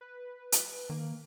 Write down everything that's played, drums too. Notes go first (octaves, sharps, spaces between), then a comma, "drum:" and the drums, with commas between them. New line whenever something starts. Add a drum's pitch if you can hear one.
B4
drum: hi-hat
D#3 A#3